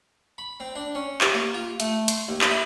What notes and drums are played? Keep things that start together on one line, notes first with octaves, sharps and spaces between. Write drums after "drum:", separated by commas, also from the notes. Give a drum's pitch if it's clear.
B5
C4
D4
C#4
C3, drum: clap
A#3
F4
A3, drum: hi-hat
C6, drum: hi-hat
D#2
drum: clap
E4